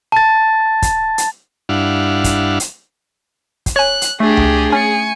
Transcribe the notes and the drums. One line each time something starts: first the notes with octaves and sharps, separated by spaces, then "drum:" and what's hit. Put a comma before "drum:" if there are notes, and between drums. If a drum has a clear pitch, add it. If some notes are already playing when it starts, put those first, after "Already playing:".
A5 A6
drum: kick, hi-hat
drum: hi-hat
G2 D4 E4 F5 F#5
drum: kick, hi-hat
drum: hi-hat
drum: kick, hi-hat
C#5 G#5 F#6
drum: hi-hat
A3 D4 G4 G#4
drum: tom C#2
C#4 G#5 C#7